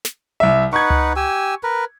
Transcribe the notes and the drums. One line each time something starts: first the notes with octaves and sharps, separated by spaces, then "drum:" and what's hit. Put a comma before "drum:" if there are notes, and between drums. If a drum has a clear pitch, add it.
drum: snare
C2 E5
D#4 B4 F#5 C#6 G#6
drum: tom C#2
G4 G#5 E6
A#4 B4